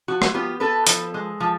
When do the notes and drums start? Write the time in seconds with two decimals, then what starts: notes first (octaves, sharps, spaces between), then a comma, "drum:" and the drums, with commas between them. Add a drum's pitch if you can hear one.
0.08 F3 F#4
0.22 drum: rim click
0.34 B3 F4 G4
0.60 B3 A4 B4
0.87 F3, drum: hi-hat
1.14 G#3
1.40 F3